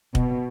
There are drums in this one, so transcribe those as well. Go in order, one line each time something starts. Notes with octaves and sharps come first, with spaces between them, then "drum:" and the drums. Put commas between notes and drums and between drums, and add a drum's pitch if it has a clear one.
B2, drum: kick